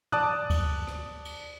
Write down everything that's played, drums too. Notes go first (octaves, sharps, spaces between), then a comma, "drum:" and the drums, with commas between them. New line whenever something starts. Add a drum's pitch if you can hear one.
D5 A5 D6 D#6 F#6, drum: tom
drum: kick D2, cymbal
drum: rim click
drum: cymbal